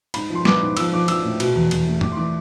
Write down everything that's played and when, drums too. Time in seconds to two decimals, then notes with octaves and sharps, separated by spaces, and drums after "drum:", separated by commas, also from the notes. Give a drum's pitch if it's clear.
0.14 G#2 B5, drum: cymbal
0.30 F3 C6
0.45 B3 D6, drum: snare
0.62 G#2
0.77 F3 E6, drum: cymbal
0.92 F3 D6
1.08 F3 E6, drum: cymbal
1.24 A2
1.40 B2, drum: cymbal
1.56 E2
1.71 E2, drum: cymbal
1.87 A3
2.01 A3 D6, drum: tom
2.12 C6
2.17 E3 D6